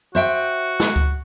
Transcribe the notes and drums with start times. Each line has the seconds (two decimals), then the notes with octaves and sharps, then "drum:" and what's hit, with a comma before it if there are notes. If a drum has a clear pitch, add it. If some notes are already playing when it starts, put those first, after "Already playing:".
0.15 F#4 C5 E5 G5
0.80 drum: snare
0.96 drum: kick C#2